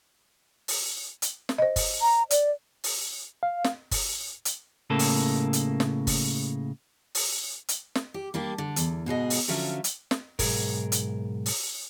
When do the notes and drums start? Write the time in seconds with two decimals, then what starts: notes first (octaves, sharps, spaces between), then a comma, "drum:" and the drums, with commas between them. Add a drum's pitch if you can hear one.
0.68 drum: open hi-hat
1.22 drum: hi-hat
1.49 drum: snare
1.58 C5 D#5
1.76 drum: kick, open hi-hat
2.02 A#5
2.30 D5, drum: hi-hat
2.84 drum: open hi-hat
3.43 F5
3.64 drum: snare
3.91 drum: kick, open hi-hat
4.45 drum: hi-hat
4.90 A2 C#3 A#3 A4
4.99 drum: open hi-hat
5.53 drum: hi-hat
5.80 drum: snare
6.07 drum: kick, open hi-hat
7.15 drum: open hi-hat
7.69 drum: hi-hat
7.95 drum: snare
8.14 G4
8.34 G3 A#3 D4 G4
8.58 D3
8.76 E2, drum: hi-hat
9.06 G#2 B2 G#4 D#5
9.30 drum: open hi-hat
9.48 D3 F3 F#3 C#4 E5 F5
9.84 drum: hi-hat
10.11 drum: snare
10.39 B1 G#2 B2 G#4 A#4, drum: kick, open hi-hat
10.92 drum: hi-hat
11.46 drum: open hi-hat